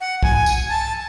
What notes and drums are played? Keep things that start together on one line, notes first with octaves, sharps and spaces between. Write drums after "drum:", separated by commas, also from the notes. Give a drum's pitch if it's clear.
F#5
G#5, drum: kick
drum: tambourine
A5